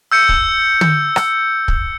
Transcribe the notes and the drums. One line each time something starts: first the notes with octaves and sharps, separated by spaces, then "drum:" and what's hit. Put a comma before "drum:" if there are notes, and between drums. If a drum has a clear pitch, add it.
E6 G6 C#7
drum: kick
drum: tom
drum: rim click
drum: kick